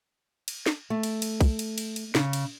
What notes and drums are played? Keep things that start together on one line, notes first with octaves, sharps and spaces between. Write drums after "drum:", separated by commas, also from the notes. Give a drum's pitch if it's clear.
drum: cymbal
drum: snare
A3
drum: cymbal
drum: cymbal
drum: kick, cymbal
drum: cymbal
drum: cymbal
drum: cymbal
C#3, drum: snare
drum: cymbal